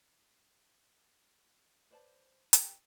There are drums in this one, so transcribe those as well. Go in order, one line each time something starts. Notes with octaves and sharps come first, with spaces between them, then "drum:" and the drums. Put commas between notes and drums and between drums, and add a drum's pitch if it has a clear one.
B4 C5 D5 A5
G4 A#4, drum: hi-hat